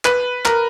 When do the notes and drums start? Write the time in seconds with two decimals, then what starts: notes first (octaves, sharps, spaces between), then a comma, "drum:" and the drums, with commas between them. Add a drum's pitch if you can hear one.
0.05 B4, drum: clap
0.45 A#4, drum: clap